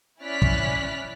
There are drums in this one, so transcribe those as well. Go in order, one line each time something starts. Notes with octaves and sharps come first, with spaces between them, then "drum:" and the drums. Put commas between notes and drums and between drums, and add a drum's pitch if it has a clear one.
C#4 E4 D5 F6 F#6 B6
drum: kick